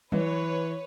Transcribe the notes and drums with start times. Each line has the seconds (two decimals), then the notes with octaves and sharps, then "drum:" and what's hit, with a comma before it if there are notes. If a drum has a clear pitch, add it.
0.12 E3 B4 C#5, drum: tom F#3